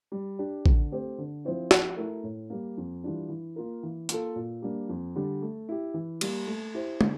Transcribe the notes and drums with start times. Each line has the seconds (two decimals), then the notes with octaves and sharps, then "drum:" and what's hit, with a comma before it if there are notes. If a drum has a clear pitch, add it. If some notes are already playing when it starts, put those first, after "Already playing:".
0.12 G3
0.39 D4 G4
0.66 D3, drum: kick A1
0.91 A3 C4 G4
1.18 D3
1.45 F3 C4 E4
1.71 F3, drum: snare
1.97 A3 E4 A#4
2.24 A2
2.50 G3 A#3
2.77 F2
3.04 E3 G3 D4 F4
3.29 E3
3.56 A#3 F4 A#4
3.83 E3
4.09 A#3 F4 A4, drum: hi-hat
4.36 A#2
4.62 G3 A#3 D4
4.89 F2
5.15 D3 G3
5.42 A3
5.69 E4 G4
5.94 E3
6.21 G3 A#3, drum: cymbal
6.47 A3
6.74 E4 G4 C5
7.01 D3, drum: tom